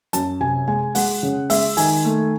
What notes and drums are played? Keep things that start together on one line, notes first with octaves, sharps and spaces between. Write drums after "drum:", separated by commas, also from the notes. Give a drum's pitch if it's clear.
F#2 A5, drum: hi-hat
C3 G#5
G#3 G#5
G#3 F#5, drum: open hi-hat
C#3
G#3 E5, drum: open hi-hat
D#3 G#5, drum: open hi-hat
A3